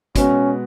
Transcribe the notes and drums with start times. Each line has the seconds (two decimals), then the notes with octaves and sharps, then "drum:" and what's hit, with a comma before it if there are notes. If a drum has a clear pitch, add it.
0.16 B2 G#3 B3 C#4 F#4, drum: kick, hi-hat